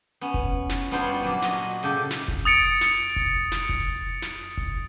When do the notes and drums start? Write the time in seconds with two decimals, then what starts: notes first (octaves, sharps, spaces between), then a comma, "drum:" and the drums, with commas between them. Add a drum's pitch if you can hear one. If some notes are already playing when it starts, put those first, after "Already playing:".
0.21 B3 C#4
0.34 drum: kick F1
0.69 drum: snare
0.91 G3 B3 D4 F4 C5 C#5
1.22 A#2 F#3 D4
1.42 F#4 D#5, drum: snare
1.83 C#3 G4 A4
2.11 drum: snare
2.28 drum: kick F1
2.45 D#6 A6 C#7 D7
2.81 drum: snare
3.16 drum: kick F1
3.52 drum: snare
3.69 drum: kick F1
4.22 drum: snare
4.57 drum: kick F1